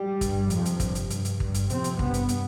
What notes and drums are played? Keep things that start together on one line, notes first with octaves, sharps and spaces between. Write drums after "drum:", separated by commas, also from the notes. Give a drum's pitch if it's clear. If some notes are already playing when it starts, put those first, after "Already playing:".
Already playing: G3
G2, drum: kick, hi-hat
F2 F3, drum: hi-hat
C3
drum: hi-hat
G2, drum: kick, hi-hat
drum: hi-hat
G2, drum: hi-hat
drum: hi-hat
G2, drum: kick
drum: hi-hat
F2 C3 C4, drum: hi-hat
drum: hi-hat
G2 B3, drum: kick
drum: hi-hat
drum: hi-hat